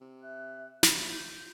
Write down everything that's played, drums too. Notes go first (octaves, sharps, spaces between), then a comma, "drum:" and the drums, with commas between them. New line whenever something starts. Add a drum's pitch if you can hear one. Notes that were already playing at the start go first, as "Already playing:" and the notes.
C3
E5 F#6
D#2 F4 B5, drum: snare
G6